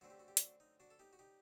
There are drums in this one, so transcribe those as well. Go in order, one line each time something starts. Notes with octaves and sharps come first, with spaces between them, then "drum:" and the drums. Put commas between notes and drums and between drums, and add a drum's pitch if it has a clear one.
F#2 D3 A3 C4 F#4
G4
F#4
G4
D4 F#4, drum: hi-hat
D#4
D4 F#4
A4
D#4 G4
F#4
D#4 G4